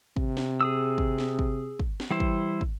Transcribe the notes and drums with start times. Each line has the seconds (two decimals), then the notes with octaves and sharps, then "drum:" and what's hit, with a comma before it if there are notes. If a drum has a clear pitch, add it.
0.16 C3, drum: kick
0.37 drum: snare
0.61 G#4 D#6 E6
0.98 drum: kick
1.18 drum: snare
1.39 drum: kick
1.79 drum: kick
2.00 drum: snare
2.11 E3 G3 E4 C5
2.20 drum: kick
2.61 drum: kick